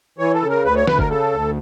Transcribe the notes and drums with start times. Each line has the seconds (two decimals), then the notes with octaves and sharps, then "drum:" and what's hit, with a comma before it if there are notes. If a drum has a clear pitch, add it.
0.18 E3 C#5
0.34 A4
0.42 C#3
0.50 A#4
0.64 D2 B4
0.76 C#5
0.87 D2 B4, drum: snare
0.99 A#4, drum: kick
1.10 C#3 A4
1.33 D2